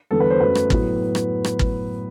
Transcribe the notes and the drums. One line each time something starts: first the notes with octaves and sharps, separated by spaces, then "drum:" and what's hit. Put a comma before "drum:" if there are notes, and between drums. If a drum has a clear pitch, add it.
E2 D3 G3 B3 A4
B4
C5
F#2 F#3 A3 B4
drum: rim click
A2 F#3 B3, drum: kick
drum: rim click
drum: rim click
drum: kick